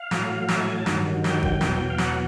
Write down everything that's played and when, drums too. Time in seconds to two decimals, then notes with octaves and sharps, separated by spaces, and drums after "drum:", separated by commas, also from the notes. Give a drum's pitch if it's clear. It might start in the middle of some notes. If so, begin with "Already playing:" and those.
Already playing: F5
0.11 A2 F#3, drum: snare
0.48 E5, drum: snare
0.62 G#5
0.74 A5
0.86 G2 D#3 F#3, drum: snare
1.24 G5, drum: snare
1.43 drum: kick G#1
1.61 E2 B2 F#3, drum: snare
1.90 F5
1.98 F#5, drum: snare